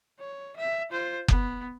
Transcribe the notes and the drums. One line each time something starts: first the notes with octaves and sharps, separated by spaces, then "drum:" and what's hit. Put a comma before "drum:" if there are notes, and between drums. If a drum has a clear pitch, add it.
C#5
E5
F4 C5
B3, drum: kick F#1